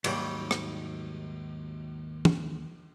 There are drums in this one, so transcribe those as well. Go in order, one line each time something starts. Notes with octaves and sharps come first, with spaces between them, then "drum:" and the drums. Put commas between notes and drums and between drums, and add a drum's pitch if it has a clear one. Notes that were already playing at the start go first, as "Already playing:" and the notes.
D#2 G#2 F#3 G3, drum: cymbal
drum: rim click
drum: tom